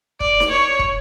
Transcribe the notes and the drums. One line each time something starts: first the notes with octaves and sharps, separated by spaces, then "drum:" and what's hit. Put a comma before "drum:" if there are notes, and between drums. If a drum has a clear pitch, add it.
D5, drum: kick
drum: snare D#4
C#5
drum: kick